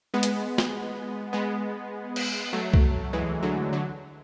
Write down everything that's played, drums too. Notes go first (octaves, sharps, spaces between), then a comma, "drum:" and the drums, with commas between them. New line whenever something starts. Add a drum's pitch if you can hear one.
G#3 B3
drum: hi-hat
drum: snare
G#3 B3
drum: cymbal
F#3 A3
drum: kick C2
E3 G#3
D3 F#3
D3 F#3